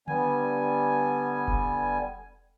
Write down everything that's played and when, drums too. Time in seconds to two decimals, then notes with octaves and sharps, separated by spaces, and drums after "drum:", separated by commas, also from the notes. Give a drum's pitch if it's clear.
0.08 D3 G3 B3 G#5, drum: tom D3
1.48 drum: kick F1